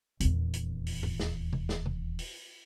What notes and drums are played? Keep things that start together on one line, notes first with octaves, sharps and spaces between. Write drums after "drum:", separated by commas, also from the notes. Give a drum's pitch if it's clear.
D#1 E2, drum: hi-hat
drum: hi-hat
drum: open hi-hat
drum: tom G#2
drum: snare
drum: tom C3
drum: snare
drum: tom C3
drum: open hi-hat